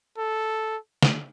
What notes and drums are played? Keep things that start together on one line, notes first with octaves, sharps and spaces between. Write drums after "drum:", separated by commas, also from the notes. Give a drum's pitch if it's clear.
A4
drum: snare